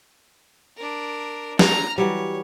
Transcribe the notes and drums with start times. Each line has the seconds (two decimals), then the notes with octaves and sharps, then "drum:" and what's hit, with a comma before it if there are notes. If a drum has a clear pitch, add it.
0.76 D4 A#4
1.59 A#5 F6, drum: snare
1.98 E3 F#3 G3 C#5